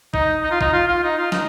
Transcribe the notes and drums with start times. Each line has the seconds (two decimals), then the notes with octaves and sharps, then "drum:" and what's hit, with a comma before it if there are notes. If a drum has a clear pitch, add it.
0.14 D#4, drum: kick A#1
0.43 D#4
0.51 F4
0.61 D#4, drum: kick A#1
0.73 F4
0.88 F4
1.03 D#4
1.18 F4
1.32 D#4, drum: snare